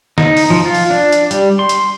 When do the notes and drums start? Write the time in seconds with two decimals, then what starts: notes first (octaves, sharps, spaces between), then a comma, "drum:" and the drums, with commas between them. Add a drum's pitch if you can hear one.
0.18 D#4, drum: snare
0.37 drum: open hi-hat
0.50 F3
0.65 F4
0.75 drum: open hi-hat
0.90 D4
1.12 drum: hi-hat
1.31 G3, drum: hi-hat
1.59 C6
1.69 drum: hi-hat